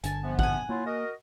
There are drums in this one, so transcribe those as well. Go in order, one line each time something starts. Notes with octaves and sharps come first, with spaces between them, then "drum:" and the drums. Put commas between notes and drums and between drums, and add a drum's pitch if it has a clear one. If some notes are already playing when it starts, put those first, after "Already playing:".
G1 D3 G#5 A5, drum: hi-hat
C3 F3 B3
F#5 G#5, drum: kick
F#3 A#3 E4 F4
F#4 A#4 D#5